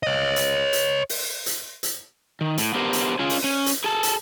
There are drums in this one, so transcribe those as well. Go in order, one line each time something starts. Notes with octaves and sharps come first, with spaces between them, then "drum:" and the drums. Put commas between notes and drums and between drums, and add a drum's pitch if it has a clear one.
C#5 D#5
drum: hi-hat
drum: hi-hat
drum: open hi-hat
drum: hi-hat
drum: hi-hat
D#3
A2, drum: hi-hat
B3 D4 G4 A#4 C5
drum: hi-hat
C#4 F4 G#4
drum: open hi-hat
C#4
drum: hi-hat
G#4 A4 A5
drum: hi-hat